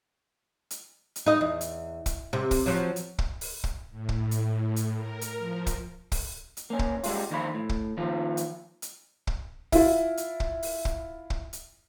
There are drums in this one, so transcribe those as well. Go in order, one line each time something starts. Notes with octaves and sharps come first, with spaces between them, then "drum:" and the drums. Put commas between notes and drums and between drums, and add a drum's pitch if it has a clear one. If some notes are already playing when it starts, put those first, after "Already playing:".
drum: hi-hat
drum: hi-hat
D#4 D#5
E2
drum: hi-hat
drum: kick, hi-hat
C3
drum: kick, open hi-hat
F3 F#3
drum: hi-hat
drum: kick
drum: open hi-hat
drum: kick
A2
drum: kick
drum: hi-hat
drum: hi-hat
A#4
drum: hi-hat
F3
drum: kick, hi-hat
drum: kick, open hi-hat
drum: hi-hat
A#3 C#4
drum: kick
G3 G#3 F4, drum: open hi-hat
D#2 D#3 F3 F4 C5 B5
A2
drum: kick
D#3 F3 A#3 F4
drum: hi-hat
drum: hi-hat
drum: kick
E4 F4, drum: kick, open hi-hat
drum: hi-hat
drum: kick
drum: open hi-hat
drum: kick
drum: kick
drum: hi-hat